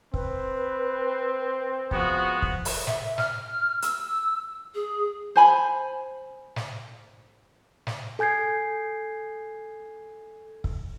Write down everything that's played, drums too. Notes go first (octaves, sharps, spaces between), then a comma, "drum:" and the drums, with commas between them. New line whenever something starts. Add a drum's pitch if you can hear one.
C4 B4, drum: kick
F3 G#3 B3 F#4, drum: kick
drum: kick
drum: open hi-hat
E5, drum: snare
F6, drum: snare
E6, drum: hi-hat
G#4
C5 G#5 B5
drum: snare
drum: snare
A4 G#5 G6 G#6 C7
drum: kick